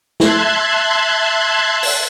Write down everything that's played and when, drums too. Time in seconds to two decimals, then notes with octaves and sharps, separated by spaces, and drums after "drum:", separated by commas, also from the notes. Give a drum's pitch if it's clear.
0.20 E5 A5 C6 F#6 G#6, drum: snare
1.83 drum: open hi-hat